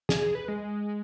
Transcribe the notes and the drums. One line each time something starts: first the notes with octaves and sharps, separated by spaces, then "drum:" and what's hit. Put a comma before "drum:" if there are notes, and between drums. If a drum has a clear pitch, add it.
G#4, drum: snare
G#4
B4
G#3